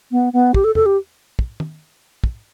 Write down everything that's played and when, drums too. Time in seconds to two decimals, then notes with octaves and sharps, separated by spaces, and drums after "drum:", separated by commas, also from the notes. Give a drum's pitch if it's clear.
0.12 B3
0.33 B3
0.54 G4, drum: kick
0.64 A4
0.75 A4, drum: tom E2
0.86 G4
1.39 drum: kick
1.60 drum: tom
2.24 drum: kick